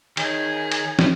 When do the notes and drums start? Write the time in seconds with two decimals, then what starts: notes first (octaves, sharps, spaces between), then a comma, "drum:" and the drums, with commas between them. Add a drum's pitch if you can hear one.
0.17 D#3 G#4 C#5, drum: cymbal
0.72 drum: cymbal
0.99 drum: snare